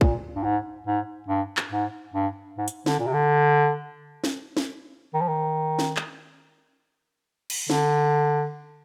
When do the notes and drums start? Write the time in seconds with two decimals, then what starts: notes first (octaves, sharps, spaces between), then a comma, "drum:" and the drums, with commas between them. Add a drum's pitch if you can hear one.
0.01 A#2, drum: kick
0.36 G2
0.44 G#2
0.87 G#2
1.29 G2
1.57 drum: clap
1.72 G#2
2.14 G2
2.58 G#2
2.68 drum: hi-hat
2.86 D3, drum: snare
3.00 A#2
3.07 C3
3.14 D3
4.24 drum: snare
4.57 drum: snare
5.14 D#3
5.21 F3
5.28 D#3
5.79 drum: snare
5.97 drum: clap
7.50 drum: cymbal
7.70 D3, drum: snare